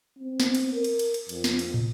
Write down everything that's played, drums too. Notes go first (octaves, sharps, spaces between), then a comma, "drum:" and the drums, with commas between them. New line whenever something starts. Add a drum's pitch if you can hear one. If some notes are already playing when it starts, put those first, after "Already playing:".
C4
drum: snare
drum: cymbal
A#4
drum: cymbal
drum: cymbal
drum: cymbal
F2, drum: cymbal
drum: snare
drum: cymbal
drum: tom